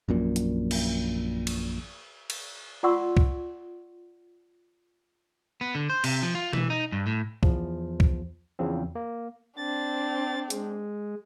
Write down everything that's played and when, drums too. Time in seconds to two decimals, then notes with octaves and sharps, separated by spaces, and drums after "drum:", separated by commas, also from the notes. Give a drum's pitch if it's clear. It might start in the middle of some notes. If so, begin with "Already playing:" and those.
0.09 A#1 F#2 A#2
0.36 drum: hi-hat
0.71 drum: cymbal
1.47 drum: cymbal
2.30 drum: cymbal
2.83 F4 D5 F#5 C6 C#6 E6
3.17 drum: kick C2
5.61 B3
5.75 D3
5.90 C5
6.04 C3, drum: cymbal
6.23 F3
6.35 F4
6.53 E3, drum: tom B2
6.70 D#4
6.92 G2
7.07 A2
7.43 E2 F3, drum: kick C2
8.00 drum: kick C2
8.59 E2 C#3 F3 C4
8.95 A#3
9.57 C4 D4 A6
10.50 G#3, drum: hi-hat